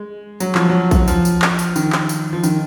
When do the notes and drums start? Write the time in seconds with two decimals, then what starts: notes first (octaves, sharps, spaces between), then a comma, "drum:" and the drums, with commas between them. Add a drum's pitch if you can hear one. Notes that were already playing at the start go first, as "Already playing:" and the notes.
Already playing: G#3
0.40 F#3, drum: tambourine
0.55 F3, drum: clap
0.69 F#3
0.91 drum: kick A#1, tambourine
1.08 F3, drum: tambourine
1.25 drum: tambourine
1.42 drum: clap
1.59 drum: tambourine
1.76 D#3, drum: tambourine
1.92 drum: clap
2.09 drum: tambourine
2.33 F3
2.44 D#3, drum: tambourine